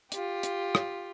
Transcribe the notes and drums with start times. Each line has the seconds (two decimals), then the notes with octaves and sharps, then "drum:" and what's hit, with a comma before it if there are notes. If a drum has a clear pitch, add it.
0.12 F4 G4, drum: hi-hat
0.43 drum: hi-hat
0.75 drum: rim click